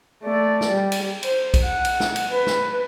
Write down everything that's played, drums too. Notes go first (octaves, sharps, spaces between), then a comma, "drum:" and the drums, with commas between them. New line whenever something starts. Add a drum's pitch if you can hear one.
A3 D5
drum: snare
G3
drum: cymbal
C5, drum: cymbal
drum: kick B1, cymbal
F#5
drum: cymbal
drum: snare
drum: cymbal
B4
drum: snare